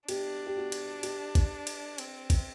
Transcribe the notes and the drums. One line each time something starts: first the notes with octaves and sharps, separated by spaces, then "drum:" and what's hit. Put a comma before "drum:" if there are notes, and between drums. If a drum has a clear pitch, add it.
D4 G4, drum: cymbal
G4
F#4
drum: cymbal
G4, drum: cymbal
drum: kick, cymbal
drum: cymbal
C4, drum: cymbal
drum: kick, cymbal